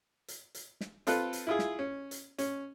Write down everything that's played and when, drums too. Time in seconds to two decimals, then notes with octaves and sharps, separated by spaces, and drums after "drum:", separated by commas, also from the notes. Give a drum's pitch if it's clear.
0.28 drum: hi-hat
0.54 drum: hi-hat
0.81 drum: snare
1.07 C4 F4 A4 B4, drum: hi-hat
1.33 drum: hi-hat
1.47 E4 F4 G#4
1.59 drum: snare
1.79 C#4
2.11 drum: hi-hat
2.38 C#4, drum: hi-hat